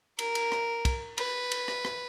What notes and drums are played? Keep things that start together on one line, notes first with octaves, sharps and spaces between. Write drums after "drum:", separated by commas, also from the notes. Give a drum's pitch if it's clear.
A#4, drum: cymbal
drum: cymbal
drum: rim click
drum: kick, cymbal
B4, drum: cymbal
drum: cymbal
drum: rim click
drum: rim click